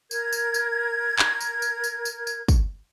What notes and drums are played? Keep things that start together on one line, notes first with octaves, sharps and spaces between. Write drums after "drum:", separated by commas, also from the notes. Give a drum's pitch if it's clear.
A#4 G#6, drum: tambourine
drum: tambourine
drum: tambourine
drum: clap
drum: tambourine
drum: tambourine
drum: tambourine
drum: tambourine
drum: tambourine
drum: kick, tambourine